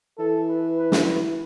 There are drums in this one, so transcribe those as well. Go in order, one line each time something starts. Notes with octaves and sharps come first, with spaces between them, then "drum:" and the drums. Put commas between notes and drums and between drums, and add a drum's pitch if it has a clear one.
E3 A4
B4
B4
drum: snare
B4